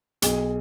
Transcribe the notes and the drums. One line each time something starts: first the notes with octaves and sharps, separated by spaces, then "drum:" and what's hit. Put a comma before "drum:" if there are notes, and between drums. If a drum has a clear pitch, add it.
B1 G#4, drum: hi-hat